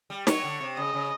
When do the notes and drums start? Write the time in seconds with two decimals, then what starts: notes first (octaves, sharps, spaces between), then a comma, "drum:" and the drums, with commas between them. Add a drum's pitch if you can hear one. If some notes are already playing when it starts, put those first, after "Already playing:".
0.10 G3
0.27 F#3 C#5, drum: snare
0.44 D3
0.61 C3
0.77 C#3 D#5
0.94 C#3